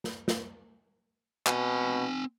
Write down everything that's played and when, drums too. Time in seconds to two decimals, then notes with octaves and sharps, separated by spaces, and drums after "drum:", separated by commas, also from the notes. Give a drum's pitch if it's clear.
0.04 drum: snare
0.28 drum: snare
1.47 B2 C4 G#5, drum: clap